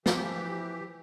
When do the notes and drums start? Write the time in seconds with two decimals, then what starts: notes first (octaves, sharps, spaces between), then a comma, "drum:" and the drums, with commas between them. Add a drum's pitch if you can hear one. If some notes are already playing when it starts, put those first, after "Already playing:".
0.06 E3 F3 G4, drum: snare